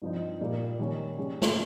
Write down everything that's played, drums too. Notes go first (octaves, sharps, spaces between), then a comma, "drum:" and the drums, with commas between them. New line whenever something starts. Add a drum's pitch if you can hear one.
G2 F3 C4 D#4
A#2 G3 A#3
D#3 G3 A#3 C#4
C#3 G3 C#4
drum: snare